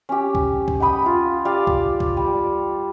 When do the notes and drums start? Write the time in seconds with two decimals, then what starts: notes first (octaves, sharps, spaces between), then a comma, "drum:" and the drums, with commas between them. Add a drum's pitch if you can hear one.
0.09 C#4 G4
0.35 drum: kick C2
0.68 drum: kick C2
0.80 F#5 G5 B5 D#6
1.06 F4
1.45 G4 D5 F5
1.67 drum: kick C2
2.00 drum: kick C2
2.17 G3